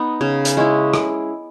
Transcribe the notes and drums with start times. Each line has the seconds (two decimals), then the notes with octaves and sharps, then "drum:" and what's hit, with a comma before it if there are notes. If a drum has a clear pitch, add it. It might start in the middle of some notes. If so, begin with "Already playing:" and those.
Already playing: B3 D#4
0.21 C#3
0.45 drum: hi-hat
0.57 G#3 C#4 E4
0.94 drum: rim click